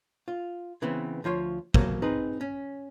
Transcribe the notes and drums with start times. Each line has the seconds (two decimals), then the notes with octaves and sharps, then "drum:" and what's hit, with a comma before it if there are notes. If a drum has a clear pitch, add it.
0.28 F4
0.82 C#3 E3 B3 C4
1.24 D2 F3 F4 C#5
1.74 B2 F#3 A#3 C5, drum: kick
2.02 C4 D#4 G#4 B4
2.41 C#4